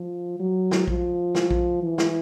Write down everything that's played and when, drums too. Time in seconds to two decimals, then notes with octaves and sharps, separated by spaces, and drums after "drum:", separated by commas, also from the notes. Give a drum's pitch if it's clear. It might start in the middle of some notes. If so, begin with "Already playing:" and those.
Already playing: F3
0.40 F#3
0.71 drum: snare
0.88 F3, drum: kick A#1
1.35 drum: snare
1.51 drum: kick A#1
1.83 E3
1.98 drum: snare